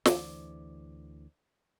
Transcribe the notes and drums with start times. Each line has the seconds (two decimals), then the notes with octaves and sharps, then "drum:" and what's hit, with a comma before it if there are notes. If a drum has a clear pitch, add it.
0.06 D2 E3 C5 D5 D6, drum: snare